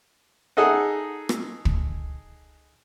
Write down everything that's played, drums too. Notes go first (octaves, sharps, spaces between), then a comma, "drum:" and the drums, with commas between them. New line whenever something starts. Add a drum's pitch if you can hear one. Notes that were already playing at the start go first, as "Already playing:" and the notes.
D#4 G#4 A4 D#5 F#5
drum: rim click
drum: kick